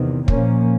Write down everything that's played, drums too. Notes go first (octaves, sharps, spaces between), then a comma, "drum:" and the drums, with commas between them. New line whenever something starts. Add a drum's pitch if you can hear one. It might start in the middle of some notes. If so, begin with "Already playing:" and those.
Already playing: E2 C3 D#3
A#2 F3 A#3 C#4, drum: kick